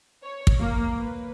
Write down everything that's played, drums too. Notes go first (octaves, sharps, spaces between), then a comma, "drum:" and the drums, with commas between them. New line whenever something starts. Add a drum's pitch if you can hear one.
C#5
drum: kick
A#3
B4